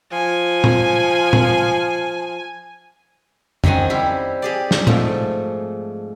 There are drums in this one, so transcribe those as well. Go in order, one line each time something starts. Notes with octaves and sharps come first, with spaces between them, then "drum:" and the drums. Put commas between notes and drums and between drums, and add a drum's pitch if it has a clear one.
F3 G#5
drum: tom A#2
drum: tom A#2
F#2 D#3 C4 D#5 F#5 G#5, drum: tom F2
G3 C4 E4 G4
G4 G#4 D5
drum: snare
G#2 F3 A3, drum: tom A#2